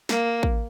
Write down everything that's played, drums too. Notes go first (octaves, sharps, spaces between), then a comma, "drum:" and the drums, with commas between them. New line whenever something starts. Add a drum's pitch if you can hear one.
A#3, drum: snare
drum: kick A1